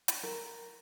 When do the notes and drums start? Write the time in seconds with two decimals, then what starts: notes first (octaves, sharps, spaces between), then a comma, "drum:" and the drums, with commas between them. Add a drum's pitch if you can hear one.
0.08 drum: hi-hat
0.23 A#4